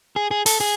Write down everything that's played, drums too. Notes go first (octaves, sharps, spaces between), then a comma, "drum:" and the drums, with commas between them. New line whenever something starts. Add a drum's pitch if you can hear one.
G#4
G#4
A4, drum: open hi-hat
G#4